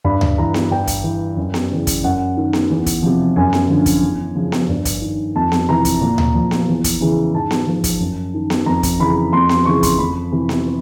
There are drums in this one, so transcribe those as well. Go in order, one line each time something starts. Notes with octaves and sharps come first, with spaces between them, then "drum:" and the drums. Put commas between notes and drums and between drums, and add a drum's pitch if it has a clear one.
G2 B5
drum: tom D2
E3 A#5
drum: snare B3
G2 G5
drum: kick, hi-hat
E3
F#2
drum: snare B3
C#3 E3
drum: kick, hi-hat
F#2 F#5
D#3
drum: snare B3
E2
drum: kick, hi-hat
C3 F3
F#2 G#5
drum: snare B3
D3 F3
drum: kick, hi-hat
E2
C#3 F3
drum: snare B3
G2
drum: kick, hi-hat
D#3
F2 A5
drum: snare B3
C3 E3 A#5
drum: kick, hi-hat
A#2
drum: tom D2
F3
drum: snare B3
E2
drum: kick, hi-hat
C#3 E3
G#2 A5
drum: snare B3
F3
drum: kick, hi-hat
F#2
D#3
drum: snare B3
F2 A#5
drum: kick, hi-hat
C#3 E3 B5
F2 C6
C6, drum: snare B3
C#3 E3 C#6
C6, drum: kick, hi-hat
F2 B5
C3 E3
drum: snare B3